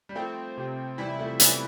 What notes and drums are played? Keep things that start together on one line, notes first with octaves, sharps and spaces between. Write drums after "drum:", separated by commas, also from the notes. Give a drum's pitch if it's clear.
G3
F3 A3 C4
C3
E3 G3 E4
F3 A3
E3 G3 B3, drum: hi-hat